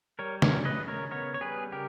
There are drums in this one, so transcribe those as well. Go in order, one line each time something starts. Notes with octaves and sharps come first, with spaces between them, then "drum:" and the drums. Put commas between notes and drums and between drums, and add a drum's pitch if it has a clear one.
G3 A#4 C#5
A#4 C#5, drum: snare
C#3
B4 D#5
C#3
A#4 C#5
B3 A#4 C#5
C#5
G3 G#4 B4
C#3 G4 A#4